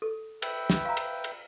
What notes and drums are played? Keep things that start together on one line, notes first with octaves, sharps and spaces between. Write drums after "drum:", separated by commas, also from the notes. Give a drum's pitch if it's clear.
A4
B4 E5 G5, drum: cymbal
drum: snare
F5 A#5
drum: cymbal
drum: cymbal